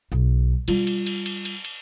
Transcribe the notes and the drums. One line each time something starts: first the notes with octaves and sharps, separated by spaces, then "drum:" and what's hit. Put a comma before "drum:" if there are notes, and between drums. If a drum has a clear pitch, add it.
B1
G3 F4, drum: cymbal
drum: cymbal
drum: cymbal
drum: cymbal
drum: cymbal
drum: cymbal